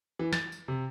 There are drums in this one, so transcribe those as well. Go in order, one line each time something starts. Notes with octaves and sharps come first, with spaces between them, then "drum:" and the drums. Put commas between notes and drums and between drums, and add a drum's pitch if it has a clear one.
E3
A6, drum: snare
drum: tambourine
C3